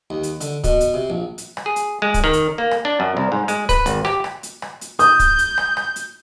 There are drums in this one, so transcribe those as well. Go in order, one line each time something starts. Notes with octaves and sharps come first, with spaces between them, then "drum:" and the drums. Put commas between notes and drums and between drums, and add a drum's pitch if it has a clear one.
D#2
drum: hi-hat
D3, drum: hi-hat
B2, drum: kick, hi-hat
drum: hi-hat
C3
A#1
drum: hi-hat
drum: rim click
G#4
drum: hi-hat
G#3
drum: kick, hi-hat
D#3
drum: hi-hat
A#3
drum: rim click
D4
F#2
C2
G#2
G#3, drum: hi-hat
B4, drum: kick, hi-hat
G#1, drum: hi-hat
G4, drum: rim click
drum: rim click
drum: hi-hat
drum: rim click
drum: hi-hat
D#6 G6, drum: hi-hat
drum: kick, hi-hat
drum: hi-hat
drum: rim click
drum: rim click
drum: hi-hat